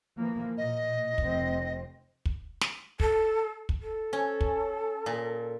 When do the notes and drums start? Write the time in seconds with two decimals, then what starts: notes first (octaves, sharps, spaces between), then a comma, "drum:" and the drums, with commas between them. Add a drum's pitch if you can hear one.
0.18 E3 F3 A#3
0.58 A#2 D#5
1.18 F1 C4, drum: kick
2.25 drum: kick
2.61 drum: snare
3.00 A4, drum: kick
3.69 drum: kick
3.81 A4
4.13 C#4
4.41 drum: kick
5.06 A#2